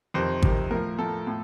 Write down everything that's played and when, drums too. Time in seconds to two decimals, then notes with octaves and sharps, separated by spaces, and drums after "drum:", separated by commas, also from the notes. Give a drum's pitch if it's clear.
0.14 F2 C3 D#3 C5
0.42 F2 C3 D#3, drum: kick
0.71 A2 F3 A#4
0.99 A2 F3 A4
1.27 A2 F3